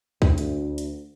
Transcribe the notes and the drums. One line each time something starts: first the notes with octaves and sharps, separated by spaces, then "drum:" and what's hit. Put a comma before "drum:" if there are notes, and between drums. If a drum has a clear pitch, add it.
D2, drum: kick
drum: hi-hat
drum: hi-hat